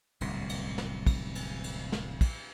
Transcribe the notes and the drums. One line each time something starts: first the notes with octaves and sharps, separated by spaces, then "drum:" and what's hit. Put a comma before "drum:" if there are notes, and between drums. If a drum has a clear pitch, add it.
D1 C2 A#2, drum: cymbal
drum: cymbal
drum: snare
drum: kick, cymbal
drum: cymbal
drum: cymbal
drum: snare
drum: kick, cymbal